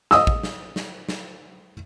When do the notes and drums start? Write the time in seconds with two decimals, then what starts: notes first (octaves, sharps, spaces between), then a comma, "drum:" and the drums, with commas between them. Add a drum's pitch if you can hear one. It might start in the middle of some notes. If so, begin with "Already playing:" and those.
0.11 D#5 D#6 E6, drum: snare
0.27 drum: kick A1
0.43 drum: snare
0.76 drum: snare
1.09 drum: snare